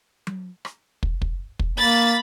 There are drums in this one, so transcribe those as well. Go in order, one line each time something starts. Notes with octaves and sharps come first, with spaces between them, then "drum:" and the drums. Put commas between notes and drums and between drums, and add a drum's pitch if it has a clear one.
drum: tom F#3
drum: rim click
drum: kick
drum: kick
drum: kick
A#3 B5 A6